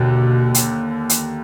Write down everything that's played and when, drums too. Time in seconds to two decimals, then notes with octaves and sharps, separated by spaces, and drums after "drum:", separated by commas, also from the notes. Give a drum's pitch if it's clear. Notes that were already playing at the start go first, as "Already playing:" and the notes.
Already playing: D#2 B2 D3
0.55 drum: hi-hat
1.10 drum: hi-hat